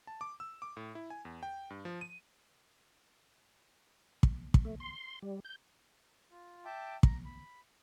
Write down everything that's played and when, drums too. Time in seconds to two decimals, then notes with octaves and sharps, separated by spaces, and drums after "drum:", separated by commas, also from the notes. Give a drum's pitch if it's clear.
0.07 A5
0.21 D6
0.40 E6
0.62 D6
0.77 A2
0.95 E4
1.10 G#5
1.25 E2
1.43 G5
1.70 G2
1.85 F3
2.01 D#7
4.23 drum: kick
4.54 drum: kick
4.65 A3
4.80 C6
5.22 G3
5.45 G6
6.31 F4
6.65 E5 G5 A5 D6
7.03 A#5, drum: kick
7.25 B5